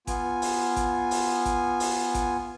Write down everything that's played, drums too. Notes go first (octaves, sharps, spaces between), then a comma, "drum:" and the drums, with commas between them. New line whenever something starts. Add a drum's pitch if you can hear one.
B3 F4 G#5, drum: kick G#1, hi-hat
drum: open hi-hat
drum: kick G#1, hi-hat
drum: open hi-hat
drum: kick G#1, hi-hat
drum: open hi-hat
drum: kick G#1, hi-hat